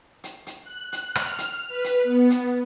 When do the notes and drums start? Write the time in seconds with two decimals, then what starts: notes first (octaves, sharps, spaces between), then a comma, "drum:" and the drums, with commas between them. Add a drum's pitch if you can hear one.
0.24 drum: hi-hat
0.47 drum: hi-hat
0.63 F#6
0.92 drum: hi-hat
1.15 F6, drum: rim click
1.38 drum: hi-hat
1.68 B4
1.84 drum: hi-hat
2.03 B3
2.30 drum: hi-hat